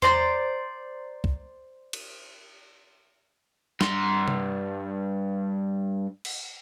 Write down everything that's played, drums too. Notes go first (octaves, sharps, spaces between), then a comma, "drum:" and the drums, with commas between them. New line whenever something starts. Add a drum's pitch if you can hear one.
C5 D5 A#5 C6, drum: tom E2
drum: kick
drum: cymbal
G2 C6, drum: snare
drum: tom C3
drum: cymbal